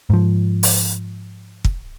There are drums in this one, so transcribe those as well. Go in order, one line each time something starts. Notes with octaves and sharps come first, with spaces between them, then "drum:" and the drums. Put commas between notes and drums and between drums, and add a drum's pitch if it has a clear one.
G#2 F3
drum: open hi-hat
drum: kick